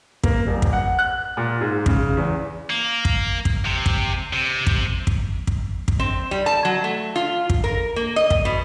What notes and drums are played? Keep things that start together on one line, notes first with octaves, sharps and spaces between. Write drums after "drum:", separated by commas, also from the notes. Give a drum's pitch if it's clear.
A#3, drum: kick
D#1
drum: kick
F#5
F#6
A#2
G#2
C#3, drum: kick
E2
A#3
drum: kick
drum: kick
C3
drum: kick
C3
drum: kick
drum: kick
drum: kick
drum: kick
C4
G3
A5
F#3
A3
F4
drum: kick
A#4
A#3
D#5
drum: kick
B2